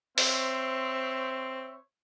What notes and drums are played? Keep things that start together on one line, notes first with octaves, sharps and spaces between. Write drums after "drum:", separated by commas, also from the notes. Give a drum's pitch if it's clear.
C4 C5 C#5 E5, drum: open hi-hat